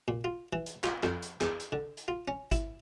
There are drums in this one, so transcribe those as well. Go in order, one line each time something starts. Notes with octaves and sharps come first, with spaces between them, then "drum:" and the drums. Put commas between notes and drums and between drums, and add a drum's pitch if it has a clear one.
A#2
F4
E3
drum: hi-hat
F4, drum: clap
F2, drum: clap
drum: hi-hat
E2, drum: clap
drum: hi-hat
D3
drum: hi-hat
F4
C#4
E4, drum: kick G#1, hi-hat